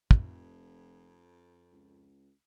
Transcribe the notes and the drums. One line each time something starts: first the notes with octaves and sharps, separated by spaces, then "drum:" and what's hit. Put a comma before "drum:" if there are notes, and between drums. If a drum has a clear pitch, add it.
F1 F2, drum: kick
C#2